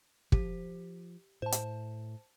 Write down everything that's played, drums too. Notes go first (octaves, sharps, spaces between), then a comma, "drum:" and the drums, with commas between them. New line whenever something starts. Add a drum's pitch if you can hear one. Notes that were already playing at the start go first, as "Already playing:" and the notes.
F3 G4, drum: kick
A2 C5 A5
drum: hi-hat